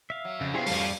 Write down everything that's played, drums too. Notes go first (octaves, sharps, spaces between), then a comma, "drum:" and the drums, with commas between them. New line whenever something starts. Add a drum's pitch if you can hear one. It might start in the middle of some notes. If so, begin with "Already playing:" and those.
E5 F5
F#3
F2 C#3
B3 C#4 D4 E4 G4 G#4 C5 F5
F2 F3 G3 A3 G4 D5, drum: open hi-hat